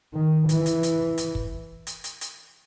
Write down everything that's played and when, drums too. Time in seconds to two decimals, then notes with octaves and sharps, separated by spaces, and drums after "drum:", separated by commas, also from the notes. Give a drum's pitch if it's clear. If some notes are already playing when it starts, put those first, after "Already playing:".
0.14 D#3
0.49 E3, drum: hi-hat
0.66 drum: hi-hat
0.83 drum: hi-hat
1.18 drum: hi-hat
1.35 drum: kick
1.87 drum: hi-hat
2.04 drum: hi-hat
2.21 drum: hi-hat